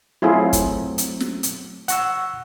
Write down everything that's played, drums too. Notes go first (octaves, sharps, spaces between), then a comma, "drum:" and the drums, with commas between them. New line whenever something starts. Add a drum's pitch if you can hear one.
F#3 A3 C4 E4 F4 G#4
drum: kick, hi-hat
drum: hi-hat
drum: snare
drum: hi-hat
F#5 C#6 E6, drum: hi-hat